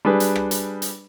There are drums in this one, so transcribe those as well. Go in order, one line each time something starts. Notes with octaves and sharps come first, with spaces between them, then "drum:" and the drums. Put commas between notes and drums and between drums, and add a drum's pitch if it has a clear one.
G3 D4 G#4 B4
drum: hi-hat
drum: rim click
drum: hi-hat
drum: hi-hat